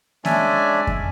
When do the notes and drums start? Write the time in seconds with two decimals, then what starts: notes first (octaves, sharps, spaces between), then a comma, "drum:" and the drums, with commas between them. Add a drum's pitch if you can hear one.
0.25 G#3 C#4 D4 D5 E5 G#5, drum: snare A#3
0.87 drum: kick F2